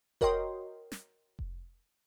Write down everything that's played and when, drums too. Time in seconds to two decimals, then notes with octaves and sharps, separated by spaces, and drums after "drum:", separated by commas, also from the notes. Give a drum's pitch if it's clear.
0.21 F#4 A#4 C#5 D#5 G5 C6, drum: kick F1
0.92 drum: snare
1.39 drum: kick F1